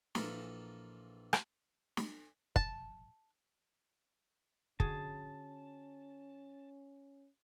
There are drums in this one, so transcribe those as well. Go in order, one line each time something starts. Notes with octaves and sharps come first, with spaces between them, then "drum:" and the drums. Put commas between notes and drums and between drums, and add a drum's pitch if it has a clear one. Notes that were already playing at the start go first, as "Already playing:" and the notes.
A#1 E3 F4 A4 A#5 B5, drum: snare
drum: rim click
drum: snare
A5, drum: kick
D3 C#4 F#4 G#4 A5, drum: kick